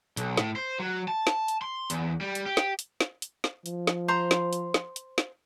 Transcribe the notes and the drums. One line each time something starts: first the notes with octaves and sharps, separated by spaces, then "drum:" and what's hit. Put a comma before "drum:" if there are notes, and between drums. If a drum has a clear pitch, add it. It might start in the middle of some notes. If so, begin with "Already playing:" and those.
B1, drum: hi-hat
A2, drum: snare
C5
F#3
A5
drum: snare
drum: hi-hat
C6
E2, drum: hi-hat
G3
drum: hi-hat
G4
drum: snare
drum: hi-hat
drum: snare
drum: hi-hat
drum: snare
F3, drum: hi-hat
drum: snare
C5 A#5 C6
drum: snare
drum: hi-hat
drum: snare
drum: hi-hat
drum: snare